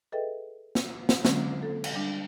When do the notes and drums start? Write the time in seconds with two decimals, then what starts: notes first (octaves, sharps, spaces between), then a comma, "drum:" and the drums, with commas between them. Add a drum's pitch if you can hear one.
0.12 G#4 A4 B4 D#5 E5 G5
0.75 drum: snare
1.09 drum: snare
1.25 D3 F#3 G#3 A#3 C4 C#4, drum: snare
1.63 A4
1.84 drum: cymbal
1.94 G3 D4